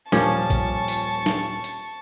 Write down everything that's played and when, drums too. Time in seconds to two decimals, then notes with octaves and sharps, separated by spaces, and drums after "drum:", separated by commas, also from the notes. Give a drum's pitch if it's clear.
0.12 D#1 F3 G3 C#4 A#4 A5 C#6 D6, drum: snare
0.50 drum: kick, hi-hat
0.88 drum: open hi-hat
1.26 drum: snare
1.64 drum: hi-hat